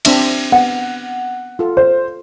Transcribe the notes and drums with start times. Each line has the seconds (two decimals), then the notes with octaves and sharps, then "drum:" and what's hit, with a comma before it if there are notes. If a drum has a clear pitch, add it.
0.05 C4 D4 E5, drum: cymbal
0.52 B3 F#5
1.59 F4 A4
1.77 C5